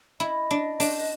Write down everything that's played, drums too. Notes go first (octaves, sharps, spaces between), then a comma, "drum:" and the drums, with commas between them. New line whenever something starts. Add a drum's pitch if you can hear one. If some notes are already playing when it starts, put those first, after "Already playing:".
E4 D#5
D4
D4, drum: open hi-hat